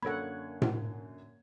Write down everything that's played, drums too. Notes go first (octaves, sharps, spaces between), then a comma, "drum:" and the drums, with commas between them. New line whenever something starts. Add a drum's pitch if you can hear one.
F#2 D3 A#3 A4 C#5 F#5 B5 G#6
drum: tom A2